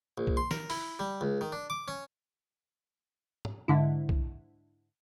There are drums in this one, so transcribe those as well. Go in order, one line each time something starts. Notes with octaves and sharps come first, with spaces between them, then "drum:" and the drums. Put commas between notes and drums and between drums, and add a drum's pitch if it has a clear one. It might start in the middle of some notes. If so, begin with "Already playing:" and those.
A#1
drum: kick
C6
A#4, drum: snare E3
E4, drum: open hi-hat
G3
C#2
D#3
D4
D6
C#4
drum: tom
G#2 D3 E4
drum: kick